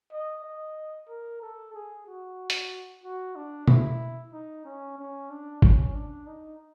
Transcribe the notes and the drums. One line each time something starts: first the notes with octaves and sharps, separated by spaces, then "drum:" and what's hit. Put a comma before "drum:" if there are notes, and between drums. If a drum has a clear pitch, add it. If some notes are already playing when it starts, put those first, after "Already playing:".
D#5
D#5
A#4
A4
G#4
F#4
drum: hi-hat
F#4
D4
E4, drum: tom B2
D#4
C#4
C#4
D4
C#4, drum: kick
D4
D#4